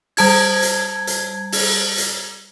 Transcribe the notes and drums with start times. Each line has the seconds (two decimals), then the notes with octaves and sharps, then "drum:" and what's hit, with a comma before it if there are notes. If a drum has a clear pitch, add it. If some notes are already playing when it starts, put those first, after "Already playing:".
0.17 G3 A5 G#6, drum: open hi-hat
0.62 drum: hi-hat
1.07 drum: hi-hat
1.52 drum: open hi-hat
1.97 drum: hi-hat